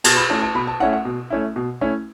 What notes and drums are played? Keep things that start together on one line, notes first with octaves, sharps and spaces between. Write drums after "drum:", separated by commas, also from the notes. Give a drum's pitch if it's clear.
B2 A5, drum: cymbal
B5
A3 C#4 E4 A5
A5
B2 B5
A5
A3 C#4 E4 F#5
F#5
B2
A3 C#4 E4
B2
A3 C#4 E4